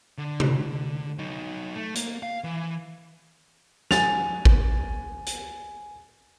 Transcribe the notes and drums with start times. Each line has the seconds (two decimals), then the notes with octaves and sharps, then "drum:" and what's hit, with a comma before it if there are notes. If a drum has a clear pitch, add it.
0.18 D3
0.40 drum: tom C3
1.18 F#3 D#4
1.76 A3
1.95 A#3, drum: hi-hat
2.23 F5
2.44 E3
3.91 G#5 A6 F7, drum: snare
4.45 drum: kick G#1
5.26 drum: hi-hat